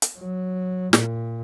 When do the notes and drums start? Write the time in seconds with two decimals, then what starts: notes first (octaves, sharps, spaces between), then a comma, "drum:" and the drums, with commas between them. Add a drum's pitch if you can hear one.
0.02 drum: hi-hat
0.18 F#3
0.93 A#2, drum: snare